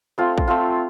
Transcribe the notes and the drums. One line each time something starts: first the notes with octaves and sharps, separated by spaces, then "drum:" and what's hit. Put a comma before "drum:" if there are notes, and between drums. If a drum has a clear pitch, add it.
A3 C4 F4
drum: kick
A3 C4 F4